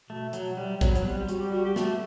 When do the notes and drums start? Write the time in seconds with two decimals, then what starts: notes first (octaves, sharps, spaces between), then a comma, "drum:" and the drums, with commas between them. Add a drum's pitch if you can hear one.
0.10 B2 A3
0.33 B2 F#3, drum: hi-hat
0.57 C3 G3
0.81 F#3 B3, drum: kick, hi-hat
0.95 F#3, drum: hi-hat
1.05 G3 C4
1.28 G3 F#4, drum: hi-hat
1.40 G4
1.52 F#4
1.64 G4
1.76 A3 F#4, drum: snare